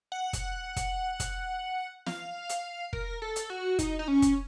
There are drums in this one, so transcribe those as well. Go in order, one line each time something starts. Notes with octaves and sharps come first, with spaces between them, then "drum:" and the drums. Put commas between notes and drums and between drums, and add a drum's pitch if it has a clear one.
F#5
drum: kick, hi-hat
drum: kick, hi-hat
drum: kick, hi-hat
F5, drum: snare
drum: hi-hat
A#4, drum: kick
A4
drum: hi-hat
F#4
D#4, drum: kick, hi-hat
D#4
C#4
drum: kick, hi-hat